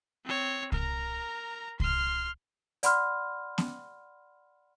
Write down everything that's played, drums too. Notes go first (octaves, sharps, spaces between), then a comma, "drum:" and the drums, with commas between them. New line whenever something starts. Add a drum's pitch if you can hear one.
C4 C#5
A#4 A#5, drum: kick C2
C6 F6, drum: kick C2
D5 F#5 B5 C6 F6, drum: hi-hat
drum: snare B3